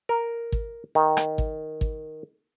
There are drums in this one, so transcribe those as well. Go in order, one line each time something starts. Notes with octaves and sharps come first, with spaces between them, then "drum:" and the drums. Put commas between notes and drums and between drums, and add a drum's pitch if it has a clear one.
A#4
drum: kick
D#3
drum: rim click
drum: kick
drum: kick